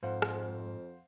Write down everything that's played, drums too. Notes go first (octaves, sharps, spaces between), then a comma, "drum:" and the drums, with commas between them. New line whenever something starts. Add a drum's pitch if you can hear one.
F2 G#2 C5 F5 F#5
drum: rim click